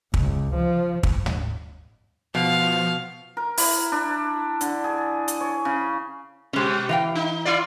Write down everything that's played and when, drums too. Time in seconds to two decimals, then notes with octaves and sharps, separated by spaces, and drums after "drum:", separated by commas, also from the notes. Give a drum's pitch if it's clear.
0.14 C#2, drum: kick
0.55 F3
1.03 drum: kick
1.26 drum: tom
2.35 B2 F3 F5
3.37 A#4
3.58 E4, drum: open hi-hat
3.92 D4
4.61 D3, drum: hi-hat
4.84 G#4
5.28 drum: hi-hat
5.40 C#5
5.65 C#3
6.53 B2 G#3 C#4
6.89 E3 F5 G5
7.15 D#4
7.45 E4 F4 D5